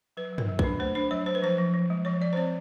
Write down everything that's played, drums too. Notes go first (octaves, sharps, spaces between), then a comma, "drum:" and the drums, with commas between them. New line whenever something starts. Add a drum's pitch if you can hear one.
F#3 B4
F#3
A#4, drum: tom
F#3
D4 B4, drum: kick
A3 C5
D4 C5
F#3 C#5
F#3 C5
B4
F3 C5
F3
F3
G#3
F3 C#5
F3 D5
C5
C4 C#5